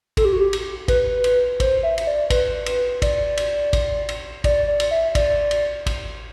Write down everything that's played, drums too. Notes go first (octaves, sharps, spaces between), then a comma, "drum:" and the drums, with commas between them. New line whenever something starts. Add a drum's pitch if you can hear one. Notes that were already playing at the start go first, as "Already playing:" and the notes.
A4, drum: kick, cymbal
G4
F#4
G4
drum: cymbal
B4, drum: kick, cymbal
drum: cymbal
C5, drum: kick, cymbal
E5
E5, drum: cymbal
D5
B4, drum: kick, cymbal
drum: cymbal
D5, drum: kick, cymbal
drum: cymbal
drum: kick, cymbal
drum: cymbal
D5, drum: kick, cymbal
D5
drum: cymbal
E5
D5, drum: kick, cymbal
drum: cymbal
drum: kick, cymbal